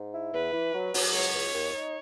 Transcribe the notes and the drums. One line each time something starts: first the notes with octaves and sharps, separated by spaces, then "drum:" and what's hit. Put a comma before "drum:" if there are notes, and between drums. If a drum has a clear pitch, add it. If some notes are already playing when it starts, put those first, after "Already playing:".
Already playing: G#2
E4
E2 B4
E3
F#3
F#3, drum: open hi-hat
C#2 C#5
C#2
D#2
D#4